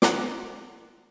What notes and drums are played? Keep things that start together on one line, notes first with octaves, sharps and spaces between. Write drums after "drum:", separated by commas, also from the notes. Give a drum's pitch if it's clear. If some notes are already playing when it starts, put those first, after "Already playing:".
F#5 A#5 C6 D6, drum: snare